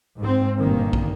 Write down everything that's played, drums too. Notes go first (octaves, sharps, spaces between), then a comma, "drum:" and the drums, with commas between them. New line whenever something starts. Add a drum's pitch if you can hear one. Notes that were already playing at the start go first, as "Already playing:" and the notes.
G#2 C4
G1 A#2 D#3 A#3
drum: kick